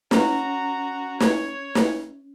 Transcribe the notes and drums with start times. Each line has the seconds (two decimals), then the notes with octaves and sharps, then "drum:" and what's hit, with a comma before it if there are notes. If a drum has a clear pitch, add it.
0.11 C#4 F#4 A#5, drum: snare
1.20 C#5, drum: snare
1.75 drum: snare